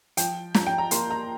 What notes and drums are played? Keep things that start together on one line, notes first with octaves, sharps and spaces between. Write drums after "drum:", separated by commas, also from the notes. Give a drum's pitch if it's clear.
F3 G5, drum: hi-hat
F3 A#5, drum: snare
G5
A#5
A#3 C6, drum: hi-hat
A#5